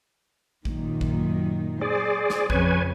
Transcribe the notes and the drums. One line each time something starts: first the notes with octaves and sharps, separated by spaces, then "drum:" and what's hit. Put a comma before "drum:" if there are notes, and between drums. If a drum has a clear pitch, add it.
F#2 A#2 D#3, drum: kick A1
drum: kick A1
G#4 C5 D5
drum: snare
F2 C#3 B4 C#5 G#5, drum: kick A1